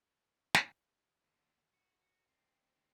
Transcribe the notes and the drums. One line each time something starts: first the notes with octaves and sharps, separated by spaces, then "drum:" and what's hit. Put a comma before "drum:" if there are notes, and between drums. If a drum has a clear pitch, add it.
drum: snare
D#2 D3
F#4
D2 C4